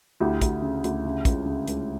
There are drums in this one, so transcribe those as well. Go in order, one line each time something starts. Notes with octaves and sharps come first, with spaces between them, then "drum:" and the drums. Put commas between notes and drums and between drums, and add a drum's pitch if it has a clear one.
D2 E4 G4
D2, drum: kick, hi-hat
C#3
D2, drum: hi-hat
C#3
C#2, drum: kick, hi-hat
C#3
C#2, drum: hi-hat